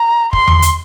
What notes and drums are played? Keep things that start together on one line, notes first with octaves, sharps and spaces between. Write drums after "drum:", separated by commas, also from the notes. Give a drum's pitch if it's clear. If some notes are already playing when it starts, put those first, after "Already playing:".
Already playing: A#5
C6, drum: kick
drum: tom E2
drum: hi-hat